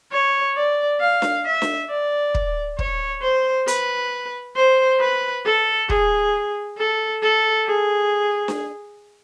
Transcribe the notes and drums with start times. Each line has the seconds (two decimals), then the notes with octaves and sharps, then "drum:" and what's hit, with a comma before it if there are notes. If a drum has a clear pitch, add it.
0.12 C#5
0.56 D5
1.01 F5
1.22 drum: snare D4
1.46 E5
1.62 drum: snare D4
1.90 D5
2.34 drum: kick
2.79 C#5, drum: kick
3.22 C5
3.68 B4, drum: hi-hat
4.56 C5
5.00 B4
5.45 A4
5.89 G#4, drum: kick
6.78 A4
7.23 A4
7.67 G#4
8.48 drum: snare D4